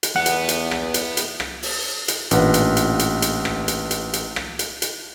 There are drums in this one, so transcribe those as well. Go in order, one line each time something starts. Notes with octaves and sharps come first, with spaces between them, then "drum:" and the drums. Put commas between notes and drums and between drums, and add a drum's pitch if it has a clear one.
drum: hi-hat
E2 B3 F#5
drum: hi-hat
drum: hi-hat
drum: rim click
drum: hi-hat
drum: hi-hat
drum: rim click
drum: open hi-hat
drum: hi-hat
A1 A#2 D4 B4 F#5, drum: hi-hat
drum: hi-hat
drum: hi-hat
drum: hi-hat
drum: hi-hat
drum: rim click
drum: hi-hat
drum: hi-hat
drum: hi-hat
drum: rim click
drum: hi-hat
drum: hi-hat